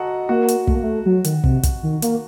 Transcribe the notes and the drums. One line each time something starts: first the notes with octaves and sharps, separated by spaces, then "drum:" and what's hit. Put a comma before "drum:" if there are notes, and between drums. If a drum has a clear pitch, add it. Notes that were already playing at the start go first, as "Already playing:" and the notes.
Already playing: F#4 A4 D#5 F#5 A#5
A#3 F#4
drum: hi-hat
A3, drum: kick
A#3
A3
F#3
D#3, drum: hi-hat
C3, drum: kick
drum: kick, hi-hat
D#3
A#3, drum: hi-hat